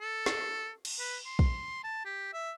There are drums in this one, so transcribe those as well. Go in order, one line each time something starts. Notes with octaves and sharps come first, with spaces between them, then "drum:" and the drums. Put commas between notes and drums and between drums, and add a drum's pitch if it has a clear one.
A4
drum: snare
drum: cymbal
B4
C6
drum: kick
A5
G4
E5